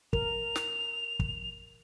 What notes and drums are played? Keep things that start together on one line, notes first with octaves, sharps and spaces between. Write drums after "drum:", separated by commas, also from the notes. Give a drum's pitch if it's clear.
A#4 F7, drum: kick
drum: snare
drum: kick